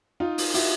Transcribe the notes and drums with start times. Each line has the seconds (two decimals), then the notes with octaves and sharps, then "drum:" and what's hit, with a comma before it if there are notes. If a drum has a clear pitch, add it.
0.20 D#4 F4
0.38 drum: open hi-hat
0.54 E4 F#4, drum: open hi-hat